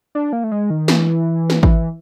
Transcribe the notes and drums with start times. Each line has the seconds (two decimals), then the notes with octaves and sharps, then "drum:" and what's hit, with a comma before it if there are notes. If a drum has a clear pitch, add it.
0.15 D4
0.33 A#3
0.44 A3
0.51 G#3
0.70 D#3
0.88 E3, drum: snare
1.50 drum: snare
1.63 E3, drum: kick G#1